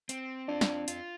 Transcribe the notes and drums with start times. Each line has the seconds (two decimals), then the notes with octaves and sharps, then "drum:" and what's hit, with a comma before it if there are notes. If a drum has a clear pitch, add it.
0.09 C4, drum: hi-hat
0.48 D4 F4 D5
0.61 drum: snare
0.88 F4, drum: hi-hat